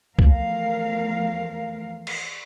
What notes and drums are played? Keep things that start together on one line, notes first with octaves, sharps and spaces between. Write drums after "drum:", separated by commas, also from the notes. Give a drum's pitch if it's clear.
E2 F3 A3 A#4 F5, drum: kick
drum: cymbal